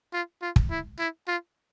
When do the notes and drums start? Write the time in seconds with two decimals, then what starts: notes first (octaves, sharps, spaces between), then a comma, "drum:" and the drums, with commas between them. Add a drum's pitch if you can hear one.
0.13 F4
0.42 F4
0.56 drum: kick
0.70 E4
0.99 E4
1.28 F4